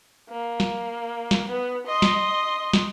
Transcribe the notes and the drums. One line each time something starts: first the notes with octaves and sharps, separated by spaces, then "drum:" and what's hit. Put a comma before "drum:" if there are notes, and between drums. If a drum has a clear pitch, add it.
A#3
drum: snare
drum: snare
B3
D#5 C6
drum: snare
drum: snare